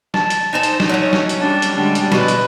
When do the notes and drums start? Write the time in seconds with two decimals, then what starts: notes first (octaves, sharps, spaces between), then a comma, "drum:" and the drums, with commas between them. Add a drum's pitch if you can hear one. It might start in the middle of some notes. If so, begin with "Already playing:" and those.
0.14 A5, drum: snare
0.30 drum: hi-hat
0.53 D#4 A4 C5 G#5
0.63 drum: hi-hat
0.80 drum: snare
0.89 F#3 A3 C#4
1.13 drum: snare
1.29 drum: hi-hat
1.41 G3 D4
1.62 drum: hi-hat
1.75 D3 G3 G#3 D4
1.95 drum: hi-hat
2.12 B2 G#3 B4, drum: snare
2.28 drum: hi-hat